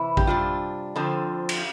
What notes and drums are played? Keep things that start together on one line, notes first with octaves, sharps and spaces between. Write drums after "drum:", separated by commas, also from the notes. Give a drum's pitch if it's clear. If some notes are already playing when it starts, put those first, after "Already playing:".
Already playing: C3 E3 E4
G4, drum: kick A1
C3 G3 D4 F4
F2 D3 F3 C4
drum: cymbal